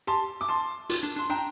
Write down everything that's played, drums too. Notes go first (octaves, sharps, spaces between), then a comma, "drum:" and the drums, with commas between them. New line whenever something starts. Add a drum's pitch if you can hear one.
G4 A5 C6
D6
A5 C6
F4, drum: hi-hat
D4
D4 C6
D4 G5 A#5